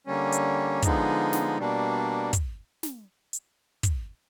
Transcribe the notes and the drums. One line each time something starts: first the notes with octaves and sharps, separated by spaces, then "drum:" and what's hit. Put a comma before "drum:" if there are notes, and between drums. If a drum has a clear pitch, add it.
D3 G3 A#3 C#4
drum: hi-hat
D3 F3 G#3 B3 D#4, drum: kick, hi-hat
drum: snare
B2 G3 A#3 D4
drum: kick, hi-hat
drum: snare
drum: hi-hat
drum: kick, hi-hat